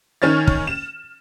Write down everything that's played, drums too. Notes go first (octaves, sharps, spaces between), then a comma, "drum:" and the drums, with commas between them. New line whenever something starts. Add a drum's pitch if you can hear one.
D#3 C#4 F6 A6
drum: kick
E7